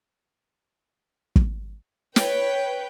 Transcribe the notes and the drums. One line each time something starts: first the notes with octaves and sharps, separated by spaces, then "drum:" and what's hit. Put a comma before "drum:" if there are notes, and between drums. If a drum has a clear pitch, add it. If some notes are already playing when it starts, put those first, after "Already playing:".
drum: kick
B4 C#5 G5, drum: snare